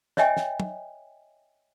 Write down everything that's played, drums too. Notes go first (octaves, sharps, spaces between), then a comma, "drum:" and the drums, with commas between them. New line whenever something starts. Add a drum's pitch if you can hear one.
C#5 D#5 E5 G5 G#5, drum: snare
drum: snare
drum: tom